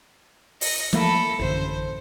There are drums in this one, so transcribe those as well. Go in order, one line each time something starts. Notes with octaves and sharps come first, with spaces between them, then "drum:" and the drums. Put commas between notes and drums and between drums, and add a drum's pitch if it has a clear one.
D#5, drum: open hi-hat
F3 A3 A#3 E4 A4, drum: snare
A1 F#2 D3 C5